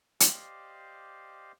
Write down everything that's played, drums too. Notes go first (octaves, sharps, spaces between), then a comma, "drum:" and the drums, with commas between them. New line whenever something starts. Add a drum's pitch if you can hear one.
G4 C5 D5 D#5 F5, drum: hi-hat